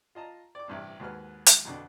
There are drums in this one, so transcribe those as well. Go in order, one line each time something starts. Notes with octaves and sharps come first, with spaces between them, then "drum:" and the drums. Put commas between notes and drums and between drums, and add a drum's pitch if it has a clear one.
F4 D#5 A5 A#5
D5 D6
A1 G2 C3
D#2 G#2 F#4 B4 F6
drum: hi-hat
F2 B2 D3